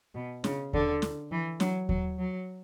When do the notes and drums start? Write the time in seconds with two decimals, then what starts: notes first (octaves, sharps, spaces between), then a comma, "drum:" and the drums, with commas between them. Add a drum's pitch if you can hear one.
0.15 B2
0.44 C#3, drum: snare
0.73 D3, drum: kick D#2
1.02 drum: snare
1.32 E3
1.60 F#3, drum: snare
1.89 F#3, drum: kick D#2
2.18 F#3